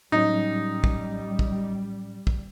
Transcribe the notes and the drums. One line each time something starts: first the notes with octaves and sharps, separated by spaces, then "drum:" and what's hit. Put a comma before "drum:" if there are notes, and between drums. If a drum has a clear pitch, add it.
A2 F#3 G3 C#4 D#4
drum: kick
drum: kick
drum: kick